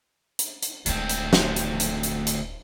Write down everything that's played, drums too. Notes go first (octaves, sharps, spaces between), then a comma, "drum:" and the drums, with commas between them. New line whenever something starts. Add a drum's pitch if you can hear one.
drum: hi-hat
drum: hi-hat
D1 D2 G#3 C4, drum: hi-hat
drum: hi-hat
drum: snare
drum: hi-hat
drum: hi-hat
drum: hi-hat
drum: hi-hat